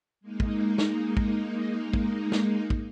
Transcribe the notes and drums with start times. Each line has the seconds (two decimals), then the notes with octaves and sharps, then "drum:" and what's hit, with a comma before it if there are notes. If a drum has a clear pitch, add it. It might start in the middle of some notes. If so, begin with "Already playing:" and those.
0.21 G#3 A#3 D#4
0.40 drum: kick
0.78 drum: snare
1.17 drum: kick
1.93 drum: kick
2.32 drum: snare
2.70 drum: kick